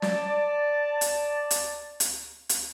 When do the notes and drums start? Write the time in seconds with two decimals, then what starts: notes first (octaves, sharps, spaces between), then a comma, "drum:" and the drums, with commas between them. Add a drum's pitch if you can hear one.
0.02 D5 A5, drum: snare
1.01 drum: hi-hat
1.51 drum: hi-hat
2.00 drum: hi-hat
2.49 drum: hi-hat